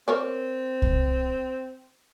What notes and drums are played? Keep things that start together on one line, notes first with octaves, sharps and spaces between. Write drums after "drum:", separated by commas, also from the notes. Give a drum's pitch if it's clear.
C4 A#4 C#5 D5
drum: kick C2